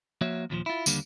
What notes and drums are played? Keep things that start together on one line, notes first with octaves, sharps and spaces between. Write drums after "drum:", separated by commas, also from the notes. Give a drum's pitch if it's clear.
F3 A#3 F#4 C#5 E5
D#2 A#2 E3 F3
E4 F4
D#2 D3 G3 A#3, drum: tambourine